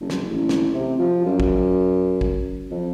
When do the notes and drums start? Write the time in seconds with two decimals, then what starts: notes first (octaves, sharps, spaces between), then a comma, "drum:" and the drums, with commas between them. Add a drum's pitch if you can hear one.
0.01 F#1
0.10 drum: snare
0.31 A1
0.49 drum: snare
0.74 C3
0.99 F3
1.26 F#2
1.40 drum: kick
2.21 drum: kick
2.71 F2